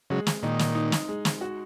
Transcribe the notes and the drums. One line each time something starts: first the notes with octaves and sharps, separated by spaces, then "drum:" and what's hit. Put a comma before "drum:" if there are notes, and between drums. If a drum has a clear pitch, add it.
C#3 F#3 G#3
drum: snare
A#2 D#3 D#4
drum: snare
D#4
drum: snare
G#3
drum: snare
F#4